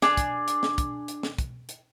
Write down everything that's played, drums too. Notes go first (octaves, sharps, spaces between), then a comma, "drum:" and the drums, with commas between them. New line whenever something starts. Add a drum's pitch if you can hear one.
D4 G#4, drum: snare
drum: kick, hi-hat
drum: hi-hat
drum: snare
drum: kick, hi-hat
drum: hi-hat
drum: snare
drum: kick, hi-hat
drum: hi-hat